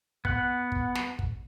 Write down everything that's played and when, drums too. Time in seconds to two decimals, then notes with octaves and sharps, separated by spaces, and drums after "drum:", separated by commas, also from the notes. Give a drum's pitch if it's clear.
0.25 B3 F#5, drum: kick
0.72 drum: kick
0.95 drum: snare
1.19 drum: kick